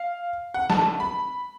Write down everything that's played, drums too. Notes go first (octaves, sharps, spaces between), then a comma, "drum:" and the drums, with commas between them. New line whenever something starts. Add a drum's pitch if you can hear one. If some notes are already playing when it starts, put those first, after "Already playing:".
Already playing: F5
F#5
A5, drum: snare
B5